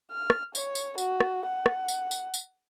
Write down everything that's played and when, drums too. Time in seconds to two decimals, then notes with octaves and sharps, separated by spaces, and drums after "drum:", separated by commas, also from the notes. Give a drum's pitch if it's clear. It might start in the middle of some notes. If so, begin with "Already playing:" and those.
0.11 F6
0.30 drum: rim click
0.55 C#5, drum: tambourine
0.75 drum: tambourine
0.98 F#4, drum: tambourine
1.20 drum: rim click
1.46 F#5
1.66 drum: rim click
1.88 drum: tambourine
2.11 drum: tambourine
2.34 drum: tambourine